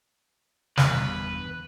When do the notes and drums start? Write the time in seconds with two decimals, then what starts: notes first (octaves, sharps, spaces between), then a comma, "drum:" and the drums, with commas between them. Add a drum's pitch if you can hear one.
0.77 G1 E2 G2 B4, drum: snare